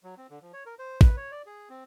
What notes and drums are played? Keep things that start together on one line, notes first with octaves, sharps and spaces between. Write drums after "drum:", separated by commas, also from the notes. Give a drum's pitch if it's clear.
F#3
C4
D3
F3
C#5
A#4
C5
B4, drum: kick
C#5
D5
G#4
C4